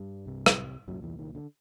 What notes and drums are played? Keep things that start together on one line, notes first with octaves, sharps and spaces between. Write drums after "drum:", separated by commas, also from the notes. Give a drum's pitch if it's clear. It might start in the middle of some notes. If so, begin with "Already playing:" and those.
Already playing: G2 G3
C2 C3
drum: rim click
C2 F#2 A#2 F#3
E2 E3
D#3
D3